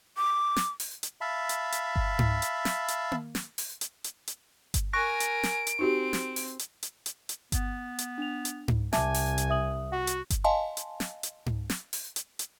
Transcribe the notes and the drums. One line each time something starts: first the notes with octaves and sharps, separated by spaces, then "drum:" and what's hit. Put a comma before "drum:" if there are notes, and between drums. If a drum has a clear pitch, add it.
D6
drum: snare
drum: open hi-hat
drum: hi-hat
E5 F5 A5 B5
drum: hi-hat
drum: hi-hat
drum: kick G1
drum: tom G#2
drum: hi-hat
drum: snare
drum: hi-hat
drum: tom A#3
drum: snare
drum: open hi-hat
drum: hi-hat
drum: hi-hat
drum: hi-hat
drum: kick G1, hi-hat
A#4 G#5 C#6 F#6 A#6 D7
drum: hi-hat
drum: snare
drum: hi-hat
C4 D#4 F#4 G4
drum: snare
drum: open hi-hat
drum: hi-hat
drum: hi-hat
drum: hi-hat
drum: hi-hat
B3, drum: kick G1, hi-hat
drum: hi-hat
D4 F7
drum: hi-hat
drum: tom G#2
C2 E5 G#5 A5 D6, drum: snare
drum: open hi-hat
drum: hi-hat
E5 D#6 F#7
F#4 F#5
drum: hi-hat
drum: kick G1, hi-hat
D#5 F5 G#5 A5 C6
drum: hi-hat
drum: snare
drum: hi-hat
drum: tom G#2
drum: snare
drum: open hi-hat
drum: hi-hat
drum: hi-hat